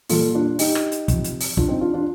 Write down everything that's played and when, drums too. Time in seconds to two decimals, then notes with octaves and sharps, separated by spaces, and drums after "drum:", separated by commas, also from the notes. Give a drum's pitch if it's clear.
0.09 A#2 G3 F4 A4, drum: open hi-hat
0.34 D4 F4
0.59 D#4 G4, drum: open hi-hat
0.75 drum: rim click
0.92 drum: hi-hat
1.08 C3 F3, drum: kick, hi-hat
1.24 drum: hi-hat
1.41 drum: open hi-hat
1.57 D4 F4, drum: kick
1.69 C4 D#4
1.81 D4 F4
1.94 D4 F4